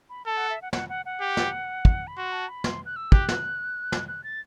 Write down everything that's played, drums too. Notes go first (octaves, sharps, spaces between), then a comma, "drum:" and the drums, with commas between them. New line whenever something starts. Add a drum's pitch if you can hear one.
B5
A4 A5
F#5
E5
F#5
F#5, drum: snare
F#5
F#5
G4
drum: snare
drum: kick
B5
F#4 C6
A5
B5
C6, drum: snare
F#6
E6
G4 F#6, drum: kick
drum: snare
drum: snare
F#6
A6